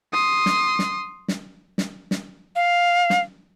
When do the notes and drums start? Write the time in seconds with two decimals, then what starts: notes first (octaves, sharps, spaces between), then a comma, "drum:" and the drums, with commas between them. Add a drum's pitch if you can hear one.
0.13 C6 D#6
0.46 drum: snare
0.79 drum: snare
1.28 drum: snare
1.78 drum: snare
2.11 drum: snare
2.56 F5
3.10 drum: snare